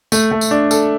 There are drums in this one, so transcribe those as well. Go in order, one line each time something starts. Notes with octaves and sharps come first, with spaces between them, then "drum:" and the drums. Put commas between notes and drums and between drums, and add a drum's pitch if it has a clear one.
A3, drum: tambourine
A3
drum: tambourine
D4
A4, drum: tambourine